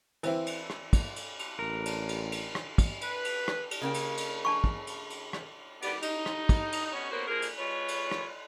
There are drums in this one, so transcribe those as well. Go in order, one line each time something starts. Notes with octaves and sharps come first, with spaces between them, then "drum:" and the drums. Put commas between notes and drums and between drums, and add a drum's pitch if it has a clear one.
E3 C4 E4, drum: cymbal
drum: cymbal
drum: rim click
drum: kick, cymbal
drum: cymbal
drum: cymbal
A1 A#4
drum: cymbal
drum: cymbal
drum: cymbal
drum: rim click
drum: kick, cymbal
B4, drum: cymbal
drum: cymbal
drum: rim click
drum: cymbal
C#3 A#3 G5
drum: cymbal
drum: cymbal
D4 A5 C#6
drum: kick
drum: cymbal
drum: cymbal
drum: rim click
D#3 G3 B3 D5, drum: cymbal
D#4, drum: cymbal
drum: rim click
drum: kick, cymbal
drum: cymbal
B3 C#4 D#4 C#5
A#3 B3 C#4 F#4 A#4 C5
F3 A#3 G#4 A#4
drum: cymbal
G#3 F4 B4 C#5
drum: cymbal
drum: rim click